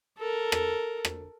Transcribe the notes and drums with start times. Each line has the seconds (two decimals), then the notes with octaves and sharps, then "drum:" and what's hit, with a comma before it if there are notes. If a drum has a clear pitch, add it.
0.17 A4 A#4
0.52 drum: rim click
1.05 drum: rim click